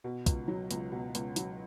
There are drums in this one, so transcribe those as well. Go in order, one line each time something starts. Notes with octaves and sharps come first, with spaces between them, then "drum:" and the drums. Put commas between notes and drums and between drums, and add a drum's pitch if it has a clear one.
B2
C#2, drum: kick, hi-hat
F#3
C#2, drum: hi-hat
B2
C#2, drum: hi-hat
F#3, drum: hi-hat